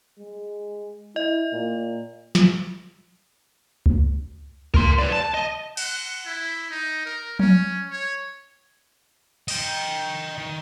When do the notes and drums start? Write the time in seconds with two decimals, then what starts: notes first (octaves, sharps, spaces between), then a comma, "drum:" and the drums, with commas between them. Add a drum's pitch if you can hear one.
0.18 G#3
1.16 E4 D#5
1.52 A#2
2.35 drum: snare
3.86 drum: kick C#2
4.74 A#4 C6, drum: kick C#2
4.99 B4 D5
5.12 A5
5.34 D#5
5.77 F#5, drum: cymbal
6.26 E4
6.70 D#4
7.05 A#4
7.39 C#4, drum: tom F3
7.91 C#5
9.48 D#5 G5, drum: cymbal
10.38 D#3